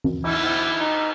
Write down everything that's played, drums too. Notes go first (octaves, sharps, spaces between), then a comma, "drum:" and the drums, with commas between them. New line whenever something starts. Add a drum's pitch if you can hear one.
drum: tom
E4, drum: cymbal
E4
D#4